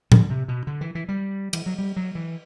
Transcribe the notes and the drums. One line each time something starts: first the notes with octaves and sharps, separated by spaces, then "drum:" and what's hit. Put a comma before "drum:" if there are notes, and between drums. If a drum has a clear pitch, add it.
D3, drum: tom A2
C3
B2
D3
E3
E3
G3
E3, drum: cymbal
F#3
G3
F#3
E3